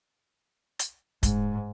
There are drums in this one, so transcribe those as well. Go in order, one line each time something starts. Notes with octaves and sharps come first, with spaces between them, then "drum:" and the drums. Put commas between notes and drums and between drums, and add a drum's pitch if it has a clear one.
drum: hi-hat
G#2, drum: kick, hi-hat